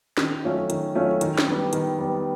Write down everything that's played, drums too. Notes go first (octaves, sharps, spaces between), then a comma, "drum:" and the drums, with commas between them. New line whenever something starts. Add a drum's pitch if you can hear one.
D#3, drum: snare
F#3 A3 C#4 F4
D#3, drum: hi-hat
F#3 A3 C#4 F4
D#3, drum: hi-hat
drum: snare
G3 B3
D#3, drum: hi-hat
G3 B3